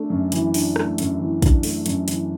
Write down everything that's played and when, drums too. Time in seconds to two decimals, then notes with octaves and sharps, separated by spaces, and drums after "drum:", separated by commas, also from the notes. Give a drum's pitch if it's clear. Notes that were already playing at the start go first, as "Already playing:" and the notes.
Already playing: A3 D4
0.10 F#2
0.32 E3, drum: hi-hat
0.54 D4, drum: open hi-hat
0.76 A3, drum: rim click
0.98 F#2, drum: hi-hat
1.19 E3
1.42 D4, drum: kick, hi-hat
1.63 A3, drum: open hi-hat
1.86 F#2, drum: hi-hat
2.08 E3, drum: hi-hat